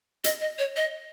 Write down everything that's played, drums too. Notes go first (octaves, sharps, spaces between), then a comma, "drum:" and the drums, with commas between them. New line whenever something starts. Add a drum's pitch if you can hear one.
D#5, drum: hi-hat
D#5
C#5
D#5